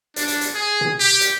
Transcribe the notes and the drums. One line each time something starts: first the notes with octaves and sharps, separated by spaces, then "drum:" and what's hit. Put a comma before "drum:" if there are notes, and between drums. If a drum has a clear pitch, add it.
D4, drum: hi-hat
drum: hi-hat
drum: hi-hat
G#4
drum: tom
G4
drum: hi-hat